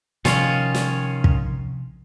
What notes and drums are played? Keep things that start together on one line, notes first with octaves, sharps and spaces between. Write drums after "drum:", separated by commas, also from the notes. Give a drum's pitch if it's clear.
C3 D#3 F3 C#4 F4, drum: snare
drum: snare
drum: kick